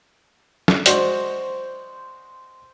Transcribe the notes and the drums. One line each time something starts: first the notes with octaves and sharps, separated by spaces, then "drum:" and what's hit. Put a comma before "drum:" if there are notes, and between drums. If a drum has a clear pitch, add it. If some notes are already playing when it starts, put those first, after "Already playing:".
drum: snare
G#3 F#4 C5 D5, drum: hi-hat